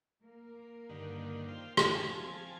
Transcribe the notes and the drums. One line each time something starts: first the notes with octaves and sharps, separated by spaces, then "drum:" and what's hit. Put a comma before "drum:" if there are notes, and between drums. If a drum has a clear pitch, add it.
A#3 A#4
G2 D3 D#3
F4 C5 G5
F3 G#5 A5, drum: rim click
C4